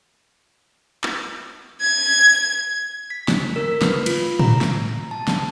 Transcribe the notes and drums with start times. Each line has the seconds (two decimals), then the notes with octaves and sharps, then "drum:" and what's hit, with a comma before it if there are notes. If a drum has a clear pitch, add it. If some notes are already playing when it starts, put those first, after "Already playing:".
1.03 drum: clap
1.81 G#6
3.10 B6
3.28 drum: snare
3.56 A#4
3.82 B4, drum: snare
4.06 F4, drum: cymbal
4.39 A#5, drum: tom
4.61 drum: snare
5.11 A5
5.28 drum: snare